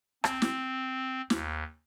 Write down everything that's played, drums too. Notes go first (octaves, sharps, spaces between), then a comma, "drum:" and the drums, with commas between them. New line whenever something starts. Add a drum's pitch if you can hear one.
C4, drum: rim click
drum: snare
D#2, drum: snare